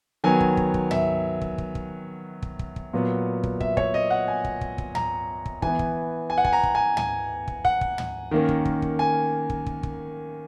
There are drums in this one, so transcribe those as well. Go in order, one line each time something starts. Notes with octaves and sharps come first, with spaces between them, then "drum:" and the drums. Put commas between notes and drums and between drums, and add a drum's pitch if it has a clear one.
D#3 F#3 B3 G#5
drum: kick
drum: kick
drum: kick
E5, drum: tom
drum: kick
drum: kick
drum: kick
drum: kick
drum: kick
drum: kick
A#2 F#3 B3
drum: kick
E5, drum: kick
C#5, drum: kick
D#5
F#5
G#5
drum: kick
drum: kick
drum: kick
A#5, drum: tom
drum: kick
E3 B3 G#5, drum: kick
drum: kick
G#5
F#5
G#5, drum: kick
A#5
drum: kick
G#5
G#5, drum: tom
drum: kick
F#5, drum: kick
drum: kick
drum: tom
D#3 A#3 C#4
drum: kick
drum: kick
drum: kick
G#5
drum: kick
drum: kick
drum: kick